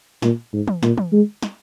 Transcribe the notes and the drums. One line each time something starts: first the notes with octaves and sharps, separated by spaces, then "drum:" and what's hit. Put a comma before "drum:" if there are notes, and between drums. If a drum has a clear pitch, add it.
A#2, drum: snare
G#2
drum: tom
A#2, drum: snare
drum: tom
G#3
drum: snare